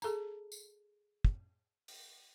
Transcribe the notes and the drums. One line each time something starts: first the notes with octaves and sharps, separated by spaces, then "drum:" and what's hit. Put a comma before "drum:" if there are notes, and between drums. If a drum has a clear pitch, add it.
G#4 A4 A5 A#5, drum: tambourine
drum: tambourine
drum: kick
drum: open hi-hat